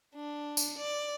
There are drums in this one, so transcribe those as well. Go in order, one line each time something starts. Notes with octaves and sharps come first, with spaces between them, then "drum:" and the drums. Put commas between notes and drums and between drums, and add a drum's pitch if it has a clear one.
D4
drum: tambourine
D5